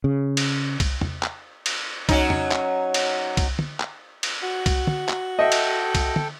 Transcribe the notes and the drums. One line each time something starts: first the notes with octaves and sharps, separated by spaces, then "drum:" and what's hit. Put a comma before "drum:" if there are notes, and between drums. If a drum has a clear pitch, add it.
C#3
drum: cymbal
drum: kick C2, cymbal
drum: tom E2
drum: clap
drum: cymbal
F#3 C#4 D#4, drum: kick C2, cymbal
drum: tom E2
drum: clap
drum: cymbal
drum: kick C2, cymbal
drum: tom
drum: clap
drum: cymbal
F#4
drum: kick C2, cymbal
drum: tom
drum: clap
A4 D#5 E5 G5
drum: cymbal
drum: kick C2, cymbal
drum: tom